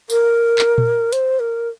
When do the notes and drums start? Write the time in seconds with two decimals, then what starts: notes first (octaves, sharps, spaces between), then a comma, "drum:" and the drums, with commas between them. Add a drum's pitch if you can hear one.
0.10 A#4, drum: tambourine
0.58 drum: clap
0.78 drum: tom A#2
1.12 C5, drum: hi-hat
1.40 A#4